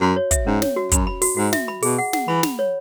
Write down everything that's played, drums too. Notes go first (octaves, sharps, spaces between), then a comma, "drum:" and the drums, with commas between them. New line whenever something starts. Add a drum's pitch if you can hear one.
F#2 F#4
C#5
E5, drum: kick, hi-hat
G#2 C#4
C#5, drum: snare
F#4
F#2 B5, drum: kick, hi-hat
B5
F#4, drum: open hi-hat
G#2 F#4
E5, drum: snare
B5
B2 G#4, drum: open hi-hat
F#5
F#5, drum: snare
E3 B5
B5, drum: snare
C#5